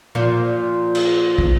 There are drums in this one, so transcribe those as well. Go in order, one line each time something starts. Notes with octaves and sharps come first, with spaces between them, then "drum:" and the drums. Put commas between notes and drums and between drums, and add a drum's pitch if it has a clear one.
A#2 F3 F4
drum: cymbal
drum: kick